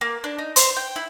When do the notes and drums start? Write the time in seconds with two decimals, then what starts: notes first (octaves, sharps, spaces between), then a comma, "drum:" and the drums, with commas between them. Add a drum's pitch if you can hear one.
0.01 A#3
0.24 D4
0.38 D#4
0.56 C5, drum: hi-hat
0.77 G5
0.96 E4